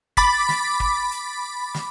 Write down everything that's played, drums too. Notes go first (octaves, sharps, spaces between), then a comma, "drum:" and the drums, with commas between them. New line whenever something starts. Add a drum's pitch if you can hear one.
B5 D6 A6 B6, drum: kick, hi-hat
drum: snare
drum: kick
drum: hi-hat
drum: snare